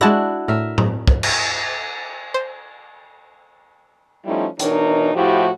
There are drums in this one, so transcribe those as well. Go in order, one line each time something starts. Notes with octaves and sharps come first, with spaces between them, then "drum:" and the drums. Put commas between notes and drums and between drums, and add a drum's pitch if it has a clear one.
G#3 D4 E4 F#4 A5 A#6
A2 A#4 E5
drum: tom A2
drum: kick
drum: cymbal
C5
F3 G3 A3 C#4 D#4 E4
B2 E3 D4 D#4 A#4 C#5, drum: hi-hat
A2 F3 E4 F#4 G4